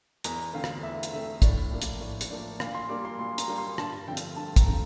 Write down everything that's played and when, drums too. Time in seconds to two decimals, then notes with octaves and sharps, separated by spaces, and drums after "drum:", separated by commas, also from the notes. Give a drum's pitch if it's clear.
0.24 E2 A#5, drum: hi-hat
0.54 D3 A3 C4 F5
0.64 drum: rim click
0.83 E2 E5
1.03 drum: hi-hat
1.13 D3 A3 C4 E5
1.42 A2 D5, drum: kick, hi-hat
1.72 F3 A#3 D4
1.82 drum: hi-hat
2.01 A2
2.21 drum: hi-hat
2.30 F3 A#3 D4
2.60 A#2 F5, drum: rim click
2.75 C6
2.89 G3 A#3 D4 D6
3.05 C6
3.19 A#2 C6
3.38 A#5, drum: hi-hat
3.48 G3 A#3 D4
3.58 C6
3.78 G2 A5, drum: rim click
4.08 D3 F3 A3 C4 G5
4.17 drum: hi-hat
4.36 G2 A5
4.56 A#5, drum: kick, hi-hat
4.66 D3 F3 A3 C4